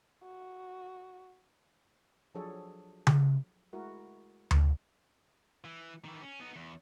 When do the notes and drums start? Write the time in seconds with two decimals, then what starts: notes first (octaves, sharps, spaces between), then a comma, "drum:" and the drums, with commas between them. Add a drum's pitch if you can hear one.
0.23 F#4
2.35 F3 F#3 D4 G#4 A4 C#5
3.07 drum: tom C#3
3.73 G#3 A3 E4 F#4 A#4
4.51 drum: tom D2
5.65 E3
6.05 D#3 E3
6.22 C#4
6.40 B3 D#4
6.56 E2